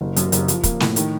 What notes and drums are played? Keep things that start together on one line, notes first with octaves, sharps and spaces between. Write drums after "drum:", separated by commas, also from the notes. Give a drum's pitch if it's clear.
F#1
F#2, drum: hi-hat
F#1, drum: hi-hat
F3, drum: hi-hat
A#3, drum: kick, hi-hat
A2, drum: snare
D#3, drum: hi-hat